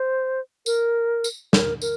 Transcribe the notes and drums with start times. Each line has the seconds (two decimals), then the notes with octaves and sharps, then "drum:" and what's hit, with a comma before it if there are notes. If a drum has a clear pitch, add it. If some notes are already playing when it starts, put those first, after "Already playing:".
Already playing: C5
0.66 A#4, drum: tambourine
1.24 drum: tambourine
1.53 A#4, drum: snare
1.82 A#4, drum: tambourine